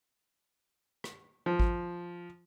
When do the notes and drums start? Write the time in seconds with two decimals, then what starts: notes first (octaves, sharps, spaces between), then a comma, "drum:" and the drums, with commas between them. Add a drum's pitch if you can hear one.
1.04 drum: rim click
1.46 F3
1.60 drum: kick G#1